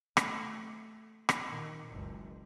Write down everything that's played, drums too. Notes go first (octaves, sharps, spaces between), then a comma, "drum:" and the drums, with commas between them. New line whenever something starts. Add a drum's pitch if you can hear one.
A3, drum: rim click
drum: rim click
A#2 D#3
F#1 C#2